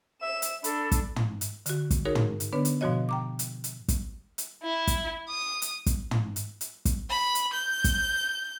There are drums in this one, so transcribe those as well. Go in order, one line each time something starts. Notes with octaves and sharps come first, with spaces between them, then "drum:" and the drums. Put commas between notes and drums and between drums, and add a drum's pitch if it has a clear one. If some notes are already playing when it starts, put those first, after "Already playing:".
E5 E7
drum: hi-hat
D4 A4 B5, drum: hi-hat
drum: kick, hi-hat
drum: tom
drum: hi-hat
D3 F#4, drum: hi-hat
drum: kick, hi-hat
D#4 F#4 G#4 A#4 C#5
drum: tom
drum: hi-hat
D3 B3 D4 B4 C#5
drum: hi-hat
G#2 B2 F3 F#4 C#5 D#5
G5 A#5 D6
drum: hi-hat
drum: hi-hat
drum: kick, hi-hat
drum: hi-hat
E4
drum: kick, hi-hat
D#6
drum: hi-hat
drum: kick, hi-hat
drum: tom
drum: hi-hat
drum: hi-hat
drum: kick, hi-hat
B5
drum: hi-hat
G6
drum: kick, hi-hat